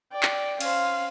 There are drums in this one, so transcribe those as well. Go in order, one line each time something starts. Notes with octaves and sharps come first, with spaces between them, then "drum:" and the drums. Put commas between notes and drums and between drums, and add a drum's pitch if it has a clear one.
D5 G5
drum: clap
C#4 C5 F5, drum: cymbal